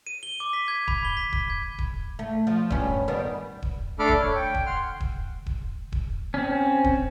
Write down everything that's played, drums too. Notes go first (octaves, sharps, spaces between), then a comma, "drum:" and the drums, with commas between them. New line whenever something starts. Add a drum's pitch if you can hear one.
D#7
G7
D6
B6
G#6
B5, drum: kick D#1
G7
B6
drum: kick D#1
G#6
drum: kick D#1
A3
F3
G2 C#4, drum: kick D#1
D#3 G3 B3
drum: kick D#1
A3 D4 A4 B5 D6 F6
drum: kick D#1
C#5
G5
drum: kick D#1
F#5 C6 F6
drum: kick D#1
drum: kick D#1
drum: kick D#1
C4 C#4
drum: kick D#1